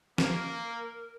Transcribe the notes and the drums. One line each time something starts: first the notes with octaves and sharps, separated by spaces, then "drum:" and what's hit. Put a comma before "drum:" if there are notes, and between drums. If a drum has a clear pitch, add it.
A#3 A#4, drum: snare